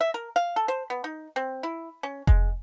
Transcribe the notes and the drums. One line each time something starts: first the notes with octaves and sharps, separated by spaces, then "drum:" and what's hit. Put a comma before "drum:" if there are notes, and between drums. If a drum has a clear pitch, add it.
E5
A#4
F5
A4
C5
B3
D#4
C4
E4
C#4
G#3, drum: kick F1